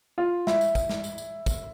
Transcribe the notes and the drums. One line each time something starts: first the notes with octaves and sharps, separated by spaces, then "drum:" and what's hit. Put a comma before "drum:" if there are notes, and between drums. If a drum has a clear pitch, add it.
F4
E4, drum: snare
drum: tambourine
drum: kick, tambourine
drum: snare
drum: tambourine
drum: tambourine
drum: kick, tambourine